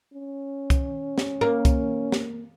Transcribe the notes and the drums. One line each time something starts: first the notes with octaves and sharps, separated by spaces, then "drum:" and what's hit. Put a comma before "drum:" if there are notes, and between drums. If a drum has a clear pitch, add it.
C#4
drum: kick C2, hi-hat
drum: snare
A#3
drum: kick C2, hi-hat
drum: snare